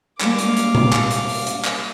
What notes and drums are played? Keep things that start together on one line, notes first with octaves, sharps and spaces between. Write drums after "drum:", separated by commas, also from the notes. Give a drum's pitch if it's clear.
G3 G#3 A#3 F5 D6, drum: clap
drum: hi-hat
drum: hi-hat
drum: tom B2
drum: clap
drum: hi-hat
drum: open hi-hat
drum: hi-hat
drum: clap